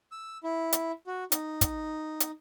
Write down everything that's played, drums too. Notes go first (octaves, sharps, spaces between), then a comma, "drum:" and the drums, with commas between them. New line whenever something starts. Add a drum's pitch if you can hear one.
E6
E4
drum: hi-hat
F#4
D#4, drum: hi-hat
drum: kick, hi-hat
drum: hi-hat